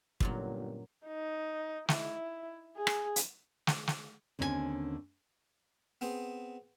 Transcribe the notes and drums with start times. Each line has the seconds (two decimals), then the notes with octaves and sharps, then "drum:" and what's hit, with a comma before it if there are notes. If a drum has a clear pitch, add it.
0.20 G1 F#2 A#2 F#3, drum: kick
1.07 D#4
1.88 E4, drum: snare
2.77 G#4
2.87 drum: rim click
3.16 drum: hi-hat
3.67 drum: snare
3.87 drum: snare
4.39 D#2 D3 C4 C#4 F4 G#5
6.01 B3 C4 G#4 C5